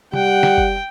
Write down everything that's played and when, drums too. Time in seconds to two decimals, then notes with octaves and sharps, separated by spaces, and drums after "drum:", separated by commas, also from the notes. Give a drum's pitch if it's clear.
0.13 G3 F#5 G5, drum: tom
0.43 drum: snare
0.58 drum: kick F#1